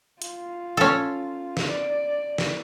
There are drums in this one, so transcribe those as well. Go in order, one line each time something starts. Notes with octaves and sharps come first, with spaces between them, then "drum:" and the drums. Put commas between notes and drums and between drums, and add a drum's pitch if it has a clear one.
F4, drum: hi-hat
C#4 A4
drum: snare
D5
drum: snare